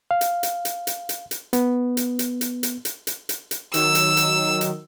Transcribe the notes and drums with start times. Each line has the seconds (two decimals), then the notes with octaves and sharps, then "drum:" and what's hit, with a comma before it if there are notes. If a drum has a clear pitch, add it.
0.11 F5
0.21 drum: hi-hat
0.43 drum: hi-hat
0.65 drum: hi-hat
0.87 drum: hi-hat
1.09 drum: hi-hat
1.31 drum: hi-hat
1.53 B3, drum: hi-hat
1.97 drum: hi-hat
2.19 drum: hi-hat
2.41 drum: hi-hat
2.63 drum: hi-hat
2.85 drum: hi-hat
3.07 drum: hi-hat
3.29 drum: hi-hat
3.51 drum: hi-hat
3.74 D#3 F#3 E6, drum: hi-hat
3.95 drum: hi-hat
4.17 drum: hi-hat
4.61 drum: hi-hat